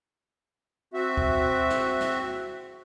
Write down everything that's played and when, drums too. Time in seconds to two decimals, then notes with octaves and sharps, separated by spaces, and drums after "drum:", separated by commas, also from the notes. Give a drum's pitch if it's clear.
0.94 C4 F#4 E5
1.17 drum: kick D2
1.70 drum: snare
2.00 drum: snare